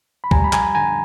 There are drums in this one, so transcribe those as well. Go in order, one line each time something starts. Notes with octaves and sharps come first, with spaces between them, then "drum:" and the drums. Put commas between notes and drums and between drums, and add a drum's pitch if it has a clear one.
B5
G3 G#5 A#5, drum: kick C2
B5
F2 G#5 A#5, drum: clap
D3 G#5 A#5